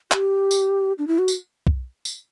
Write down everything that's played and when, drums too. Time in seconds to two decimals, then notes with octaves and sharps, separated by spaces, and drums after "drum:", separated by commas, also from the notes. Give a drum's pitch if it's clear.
0.12 G4, drum: clap
0.51 drum: tambourine
0.98 D4
1.08 E4
1.19 F#4
1.28 drum: tambourine
1.67 drum: kick
2.05 drum: tambourine